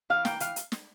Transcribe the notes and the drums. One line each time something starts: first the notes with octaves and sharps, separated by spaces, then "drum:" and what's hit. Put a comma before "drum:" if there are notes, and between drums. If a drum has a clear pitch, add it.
E3 F5
A#3 G5, drum: snare
E3 F5, drum: hi-hat
drum: hi-hat
drum: snare